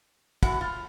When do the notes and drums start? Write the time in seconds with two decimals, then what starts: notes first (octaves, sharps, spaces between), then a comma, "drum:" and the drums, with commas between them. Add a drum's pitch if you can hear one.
0.43 A2 E3 F#4, drum: kick, cymbal
0.61 F4